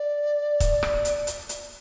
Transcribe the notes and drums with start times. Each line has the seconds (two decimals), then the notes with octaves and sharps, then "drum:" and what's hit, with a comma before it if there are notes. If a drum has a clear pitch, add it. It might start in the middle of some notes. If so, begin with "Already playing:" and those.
Already playing: D5
0.60 drum: kick, hi-hat
0.83 drum: rim click
1.05 drum: hi-hat
1.27 drum: hi-hat
1.49 drum: hi-hat